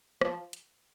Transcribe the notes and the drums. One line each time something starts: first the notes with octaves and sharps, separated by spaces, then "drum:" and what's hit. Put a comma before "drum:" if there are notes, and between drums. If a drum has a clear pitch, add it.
F3, drum: rim click
drum: hi-hat